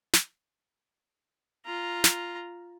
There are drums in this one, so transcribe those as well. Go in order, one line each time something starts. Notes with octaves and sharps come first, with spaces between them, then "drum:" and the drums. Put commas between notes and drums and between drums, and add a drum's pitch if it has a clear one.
drum: snare
F4 A#5
drum: snare